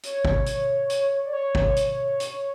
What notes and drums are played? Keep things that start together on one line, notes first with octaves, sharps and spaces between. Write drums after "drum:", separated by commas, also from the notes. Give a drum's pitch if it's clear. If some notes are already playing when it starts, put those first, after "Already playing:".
C#5, drum: hi-hat
drum: kick
drum: hi-hat
drum: hi-hat
D5
C#5
drum: kick
drum: hi-hat
drum: hi-hat